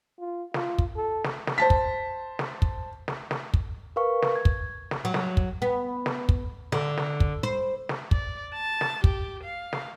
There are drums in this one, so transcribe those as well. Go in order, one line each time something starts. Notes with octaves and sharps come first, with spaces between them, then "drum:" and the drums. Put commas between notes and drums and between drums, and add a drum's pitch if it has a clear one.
F4
F4, drum: snare
drum: kick
A4
drum: snare
drum: snare
C5 A5 B6
drum: kick
drum: snare
drum: kick
drum: snare
drum: snare
drum: kick
A#4 B4 F5 C#6
drum: snare
G#6
drum: kick
drum: snare
F#3
drum: snare
drum: kick
B3
drum: snare
drum: kick
D3, drum: snare
drum: snare
drum: kick
C5
drum: snare
D5, drum: kick
A5
drum: snare
G4, drum: kick
F5
drum: snare